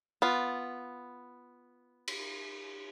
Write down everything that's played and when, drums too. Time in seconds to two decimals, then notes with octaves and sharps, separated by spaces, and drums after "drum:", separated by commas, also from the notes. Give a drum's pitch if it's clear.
0.22 B3 F4
2.08 drum: cymbal